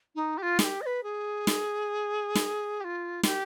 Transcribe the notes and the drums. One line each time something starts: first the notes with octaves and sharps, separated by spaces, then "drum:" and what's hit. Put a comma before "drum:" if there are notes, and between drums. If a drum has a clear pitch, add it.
D#4
G4
F4
G#4, drum: snare
G4
D#5
B4
G#4
drum: snare
drum: snare
G4
F4
G4, drum: snare